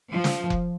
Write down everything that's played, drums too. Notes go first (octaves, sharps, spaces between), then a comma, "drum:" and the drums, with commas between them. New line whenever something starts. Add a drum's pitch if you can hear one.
F3
drum: snare
drum: kick F1